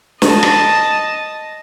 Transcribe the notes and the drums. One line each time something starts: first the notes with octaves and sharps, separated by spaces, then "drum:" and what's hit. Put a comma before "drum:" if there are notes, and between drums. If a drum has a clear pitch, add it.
D#5 A5, drum: snare
drum: rim click